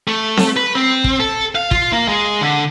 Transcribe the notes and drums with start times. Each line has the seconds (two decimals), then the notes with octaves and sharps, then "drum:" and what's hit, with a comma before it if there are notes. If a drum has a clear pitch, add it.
0.08 A3
0.37 drum: snare C4
0.57 B4
0.75 C4
1.04 drum: kick
1.20 A4
1.55 F5
1.71 F4, drum: kick
1.93 A#3
2.08 G#3
2.41 D3